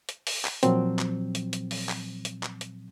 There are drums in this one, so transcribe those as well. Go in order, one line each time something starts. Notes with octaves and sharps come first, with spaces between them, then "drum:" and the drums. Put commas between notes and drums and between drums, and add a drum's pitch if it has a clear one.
drum: hi-hat
drum: open hi-hat
drum: clap
A#2 F3 F#3 C4, drum: hi-hat
drum: clap
drum: hi-hat
drum: hi-hat
drum: open hi-hat
drum: clap
drum: hi-hat
drum: clap
drum: hi-hat